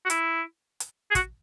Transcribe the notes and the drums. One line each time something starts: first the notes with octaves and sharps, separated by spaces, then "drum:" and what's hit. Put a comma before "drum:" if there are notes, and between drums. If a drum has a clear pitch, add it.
F#4
E4, drum: hi-hat
drum: hi-hat
G#4
F#4, drum: kick, hi-hat